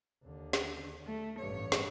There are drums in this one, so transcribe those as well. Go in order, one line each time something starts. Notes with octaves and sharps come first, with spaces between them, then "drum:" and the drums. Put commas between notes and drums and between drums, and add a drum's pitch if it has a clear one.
D#2 D3
drum: snare
A3
A1 G2 C#5
drum: snare